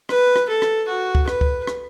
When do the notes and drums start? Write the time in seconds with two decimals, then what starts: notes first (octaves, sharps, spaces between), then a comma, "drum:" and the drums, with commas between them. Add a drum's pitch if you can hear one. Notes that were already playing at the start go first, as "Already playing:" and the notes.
0.09 B4, drum: rim click
0.36 drum: rim click
0.49 A4
0.62 drum: rim click
0.88 F#4
1.15 drum: kick C#2
1.28 B4, drum: rim click
1.41 drum: kick C#2
1.67 drum: rim click